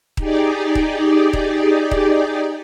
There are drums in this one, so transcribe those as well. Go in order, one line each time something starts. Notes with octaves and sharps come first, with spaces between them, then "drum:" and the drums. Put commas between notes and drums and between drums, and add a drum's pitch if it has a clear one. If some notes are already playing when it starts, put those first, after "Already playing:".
D#4 G4 G#4 D5, drum: kick D#1
drum: kick D#1
drum: kick D#1
drum: kick D#1